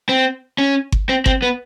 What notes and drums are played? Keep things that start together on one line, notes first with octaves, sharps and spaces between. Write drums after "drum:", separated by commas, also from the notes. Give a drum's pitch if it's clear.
C4
C#4
drum: kick G1
C4
C4, drum: kick G1
B3